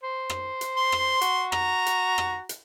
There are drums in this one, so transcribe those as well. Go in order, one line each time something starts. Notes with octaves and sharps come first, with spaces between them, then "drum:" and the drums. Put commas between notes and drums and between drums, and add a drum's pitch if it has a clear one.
C5
drum: rim click
drum: hi-hat
C6
drum: rim click
F#4, drum: hi-hat
A#5, drum: rim click
drum: hi-hat
drum: rim click
drum: hi-hat